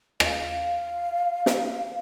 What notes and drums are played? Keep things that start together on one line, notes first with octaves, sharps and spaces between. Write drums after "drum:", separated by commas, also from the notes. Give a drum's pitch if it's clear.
D#5, drum: rim click
F5
drum: snare